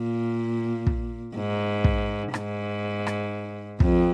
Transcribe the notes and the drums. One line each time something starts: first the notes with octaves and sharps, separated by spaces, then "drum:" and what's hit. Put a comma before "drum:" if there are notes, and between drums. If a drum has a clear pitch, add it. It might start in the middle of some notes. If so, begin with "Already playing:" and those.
Already playing: A#2
drum: kick
G#2
drum: kick
G#2, drum: rim click
drum: rim click
F2, drum: kick